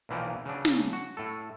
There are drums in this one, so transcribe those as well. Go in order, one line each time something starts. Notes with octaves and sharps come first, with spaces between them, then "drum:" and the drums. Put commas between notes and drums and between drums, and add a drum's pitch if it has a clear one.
B1 A#2 E3 F3 G5
C#3 F#3 D4
drum: snare
F#4
A2 A4